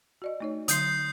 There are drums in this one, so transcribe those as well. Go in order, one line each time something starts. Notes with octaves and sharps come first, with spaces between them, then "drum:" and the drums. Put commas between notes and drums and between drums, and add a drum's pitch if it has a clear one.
F#4 D5 D#5
A3 D#4 C#5
D3 F#3 C6 D#6 G6 C7, drum: hi-hat